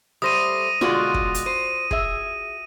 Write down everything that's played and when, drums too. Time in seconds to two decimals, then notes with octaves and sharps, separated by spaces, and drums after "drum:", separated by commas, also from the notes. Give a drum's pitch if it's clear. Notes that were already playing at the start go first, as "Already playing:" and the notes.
0.22 G3 A3 C5 D#6 A#6 D#7
0.81 B2 D3 G#3 F4 F#4 D5
1.14 drum: kick
1.34 drum: hi-hat
1.46 C5 D#7
1.91 G#4 E5, drum: kick